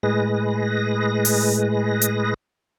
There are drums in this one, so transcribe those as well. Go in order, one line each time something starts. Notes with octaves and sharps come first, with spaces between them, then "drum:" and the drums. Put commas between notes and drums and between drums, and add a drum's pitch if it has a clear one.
A2 G#3 G#4 B4 A#6
drum: open hi-hat
drum: hi-hat